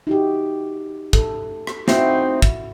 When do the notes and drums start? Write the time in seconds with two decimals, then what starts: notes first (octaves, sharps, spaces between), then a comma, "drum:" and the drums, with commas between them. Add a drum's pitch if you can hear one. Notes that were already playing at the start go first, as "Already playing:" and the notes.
0.07 D#4 F#4 G4
1.13 A4, drum: kick
1.67 drum: rim click
1.88 C4 D#4 E4 F#4, drum: snare
2.42 drum: kick